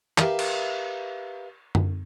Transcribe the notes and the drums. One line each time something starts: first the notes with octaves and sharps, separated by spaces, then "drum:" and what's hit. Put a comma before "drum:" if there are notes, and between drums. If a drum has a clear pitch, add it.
G4 A#4 B4 E5 F5, drum: clap
drum: cymbal
drum: tom F#2